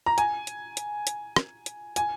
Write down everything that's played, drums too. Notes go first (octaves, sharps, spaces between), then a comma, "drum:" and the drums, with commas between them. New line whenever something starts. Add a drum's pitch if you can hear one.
A#5
G#5, drum: hi-hat
drum: hi-hat
drum: hi-hat
drum: hi-hat
drum: rim click
drum: hi-hat
G#5, drum: hi-hat